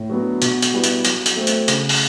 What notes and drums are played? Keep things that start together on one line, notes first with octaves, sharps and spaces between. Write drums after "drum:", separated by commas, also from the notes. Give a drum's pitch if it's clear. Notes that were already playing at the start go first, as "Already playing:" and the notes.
Already playing: A2
F#3 B3 D4
B2, drum: hi-hat
drum: hi-hat
G3 B3 E4
drum: hi-hat
F#3, drum: hi-hat
drum: hi-hat
A3 C4
drum: hi-hat
C#3, drum: hi-hat
drum: open hi-hat